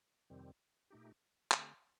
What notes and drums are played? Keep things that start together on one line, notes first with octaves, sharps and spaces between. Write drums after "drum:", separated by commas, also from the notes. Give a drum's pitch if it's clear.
F2 C3 D#3 G3 C4
A#2 A3 D#4 G4
D3 A3 C4 G4, drum: clap